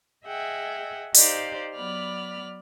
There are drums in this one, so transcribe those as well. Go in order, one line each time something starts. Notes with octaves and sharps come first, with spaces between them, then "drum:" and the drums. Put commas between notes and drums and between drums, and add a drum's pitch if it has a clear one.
G#4 D#5 E5 F#5 G5
D#4 G4 C5 D5 F5, drum: open hi-hat
F#3 B3 D5 B5 F6